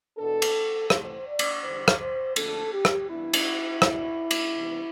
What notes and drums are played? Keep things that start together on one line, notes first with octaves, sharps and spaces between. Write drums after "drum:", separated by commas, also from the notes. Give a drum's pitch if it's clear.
E2 B2 B3 D4 A4
drum: cymbal
C3 E3 A3 C4 C5, drum: rim click
D5
drum: cymbal
E2 D3 G3 D4 C5
drum: rim click
C5
F2 D3 A3 A4, drum: cymbal
G4
drum: rim click
G2 E3 B3 D4 E4
drum: cymbal
B2 G3 D4, drum: rim click
drum: cymbal
C3 E3 G3 B3